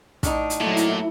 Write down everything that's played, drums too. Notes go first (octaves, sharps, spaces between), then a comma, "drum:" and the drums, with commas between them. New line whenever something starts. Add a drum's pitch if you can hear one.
A2 D4 D#4, drum: kick, hi-hat
drum: hi-hat
A#2 F#3 A3 E4
drum: hi-hat